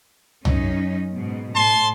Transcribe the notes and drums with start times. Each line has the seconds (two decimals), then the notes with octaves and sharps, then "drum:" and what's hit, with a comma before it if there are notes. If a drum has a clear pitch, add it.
0.45 F#2 C#4 D#4, drum: tom
1.14 G#2 B2
1.55 A2 A5 C6